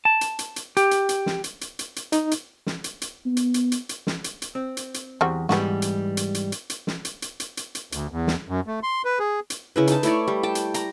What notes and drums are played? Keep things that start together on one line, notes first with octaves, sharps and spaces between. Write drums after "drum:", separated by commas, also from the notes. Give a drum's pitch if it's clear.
A5
drum: hi-hat
drum: hi-hat
drum: hi-hat
G4, drum: hi-hat
drum: hi-hat
drum: hi-hat
drum: snare
drum: hi-hat
drum: hi-hat
drum: hi-hat
drum: hi-hat
D#4, drum: hi-hat
drum: hi-hat
drum: snare
drum: hi-hat
drum: hi-hat
B3
drum: hi-hat
drum: hi-hat
drum: hi-hat
drum: hi-hat
drum: snare
drum: hi-hat
drum: hi-hat
C4
drum: hi-hat
drum: hi-hat
E2 G3 C4 F#4
G#2 E3 G3 B3 F#4, drum: snare
drum: hi-hat
drum: hi-hat
drum: hi-hat
drum: hi-hat
drum: hi-hat
drum: snare
drum: hi-hat
drum: hi-hat
drum: hi-hat
drum: hi-hat
drum: hi-hat
D2, drum: hi-hat
E2
drum: snare
F#2
A3
C6
B4
G#4
drum: hi-hat
C#3 E4 B4
D#4 A5, drum: hi-hat
A3 E4 C#5 D5, drum: hi-hat
G3
G5 A5
drum: hi-hat
A#5, drum: hi-hat